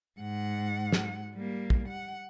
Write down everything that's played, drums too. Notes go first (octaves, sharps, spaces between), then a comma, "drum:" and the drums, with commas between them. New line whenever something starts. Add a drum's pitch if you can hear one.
G#2 F#5
drum: snare
G3 A#3
drum: kick
F#5